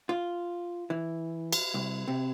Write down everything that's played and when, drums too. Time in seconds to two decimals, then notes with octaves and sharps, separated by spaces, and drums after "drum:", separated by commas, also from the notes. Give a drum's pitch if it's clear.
0.09 F4
0.90 E3
1.53 drum: cymbal
1.74 C2
2.08 C3